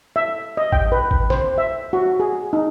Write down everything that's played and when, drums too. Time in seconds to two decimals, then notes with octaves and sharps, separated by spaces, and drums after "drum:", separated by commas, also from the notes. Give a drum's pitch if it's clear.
0.16 E5
0.57 D#5
0.72 G5, drum: kick G#1
0.92 B4
1.11 drum: kick G#1
1.30 C5, drum: snare
1.58 E5
1.93 F#4
2.20 G#4
2.53 D#4